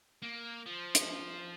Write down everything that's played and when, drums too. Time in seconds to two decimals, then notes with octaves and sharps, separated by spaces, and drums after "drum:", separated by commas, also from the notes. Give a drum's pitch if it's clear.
0.22 A#3
0.66 F3
0.95 drum: hi-hat